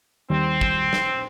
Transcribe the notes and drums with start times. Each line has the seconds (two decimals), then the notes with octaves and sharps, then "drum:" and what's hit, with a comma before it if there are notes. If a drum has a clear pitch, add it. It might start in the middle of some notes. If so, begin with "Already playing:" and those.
0.30 D#2 D#3 G3 C4
0.61 drum: kick
0.93 drum: snare